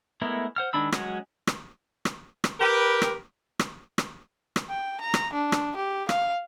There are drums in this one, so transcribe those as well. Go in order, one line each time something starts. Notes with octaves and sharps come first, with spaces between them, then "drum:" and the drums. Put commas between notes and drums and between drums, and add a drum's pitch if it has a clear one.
G#3 A3 B3 E4 A#4
C5 F#5 F6
D#3 G#3 D4 B5 E6
F#3 G#3 C#4 F#4, drum: rim click
drum: rim click
drum: rim click
drum: rim click
G4 A#4 B4
drum: rim click
drum: rim click
drum: rim click
drum: rim click
G5
A#5
drum: rim click
D4
drum: rim click
G4
F5, drum: rim click